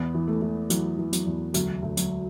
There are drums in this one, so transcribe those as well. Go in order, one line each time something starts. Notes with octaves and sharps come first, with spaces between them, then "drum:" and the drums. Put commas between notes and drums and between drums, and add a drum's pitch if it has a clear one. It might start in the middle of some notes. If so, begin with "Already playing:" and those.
Already playing: E2 B3
E3
A3
E3
E3 F#3, drum: hi-hat
E3
F#3, drum: hi-hat
E2
D2 F#3, drum: hi-hat
D2
F#3, drum: hi-hat